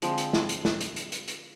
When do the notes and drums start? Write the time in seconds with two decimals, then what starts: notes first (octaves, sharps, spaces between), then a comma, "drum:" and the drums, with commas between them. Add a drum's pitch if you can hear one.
0.02 D3 F3 G#3 C4, drum: hi-hat
0.18 drum: hi-hat
0.33 drum: snare
0.49 drum: hi-hat
0.65 drum: snare
0.81 drum: hi-hat
0.96 drum: hi-hat
1.12 drum: hi-hat
1.28 drum: hi-hat